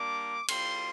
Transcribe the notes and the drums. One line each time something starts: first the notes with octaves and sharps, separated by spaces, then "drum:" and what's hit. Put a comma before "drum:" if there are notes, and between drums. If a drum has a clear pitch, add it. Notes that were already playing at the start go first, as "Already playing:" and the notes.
Already playing: G3 A#3 D4 D6
G3 C4 F4 C6, drum: cymbal